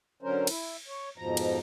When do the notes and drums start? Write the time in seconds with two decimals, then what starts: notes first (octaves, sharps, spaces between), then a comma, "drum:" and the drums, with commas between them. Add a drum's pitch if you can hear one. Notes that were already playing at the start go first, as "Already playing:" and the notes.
0.23 D3 F#3 C#4 A#4 C5
0.47 E4, drum: cymbal
0.88 C#5
1.18 F2 G#2 B2 F3 A#5
1.37 drum: cymbal